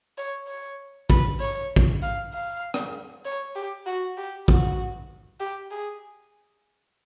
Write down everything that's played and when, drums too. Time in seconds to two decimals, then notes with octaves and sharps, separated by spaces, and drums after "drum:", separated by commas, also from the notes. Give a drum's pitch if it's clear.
0.18 C#5
0.48 C#5
1.10 B4, drum: kick
1.40 C#5
1.76 drum: kick
2.02 F5
2.33 F5
2.74 drum: rim click
3.25 C#5
3.56 G4
3.86 F#4
4.17 G4
4.48 F#4, drum: kick
5.40 G4
5.71 G#4